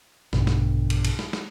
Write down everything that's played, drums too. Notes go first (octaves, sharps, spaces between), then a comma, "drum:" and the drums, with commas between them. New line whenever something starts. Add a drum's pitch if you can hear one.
A#1 G2 B2 D3, drum: snare
drum: snare
drum: cymbal
drum: cymbal
drum: snare
drum: snare